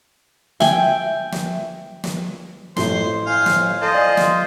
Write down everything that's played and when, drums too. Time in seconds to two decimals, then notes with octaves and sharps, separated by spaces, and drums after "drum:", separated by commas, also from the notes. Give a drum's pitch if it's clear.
0.60 E5 G5 G#5, drum: snare
1.32 drum: snare
2.04 drum: snare
2.76 A1 E4 A4 C5 C6, drum: snare
3.27 C5 F5 G#5
3.46 drum: snare
3.82 F4 A4 C5 D#5
3.94 D5 G#5 D#6
4.17 drum: snare